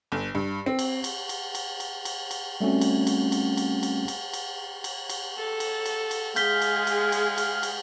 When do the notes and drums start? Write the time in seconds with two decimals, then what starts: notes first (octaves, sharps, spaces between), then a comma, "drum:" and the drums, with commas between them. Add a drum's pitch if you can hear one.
0.12 G1
0.35 G2
0.66 C4
0.79 drum: cymbal
1.04 drum: cymbal
1.29 drum: cymbal
1.55 drum: cymbal
1.80 drum: cymbal
2.05 drum: cymbal
2.31 drum: cymbal
2.61 G3 A3 C4 C#4 F#4
2.81 drum: cymbal
3.07 drum: cymbal
3.32 drum: cymbal
3.57 drum: cymbal
3.83 drum: cymbal
4.08 drum: cymbal
4.33 drum: cymbal
4.84 drum: cymbal
5.10 drum: cymbal
5.38 A4
5.60 drum: cymbal
5.86 drum: cymbal
6.11 drum: cymbal
6.36 G#3 G#4 F5 G6 B6 G7, drum: cymbal
6.62 drum: cymbal
6.87 drum: cymbal
7.12 drum: cymbal
7.38 drum: cymbal
7.63 drum: cymbal